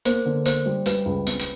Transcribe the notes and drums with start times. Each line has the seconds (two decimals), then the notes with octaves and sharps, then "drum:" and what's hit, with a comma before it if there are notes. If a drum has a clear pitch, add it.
0.05 A#3 C5, drum: tambourine
0.25 D3
0.46 A#3 C5, drum: tambourine
0.65 G3
0.86 G3 B4, drum: tambourine
1.06 C#2
1.27 C4, drum: tambourine
1.40 drum: tambourine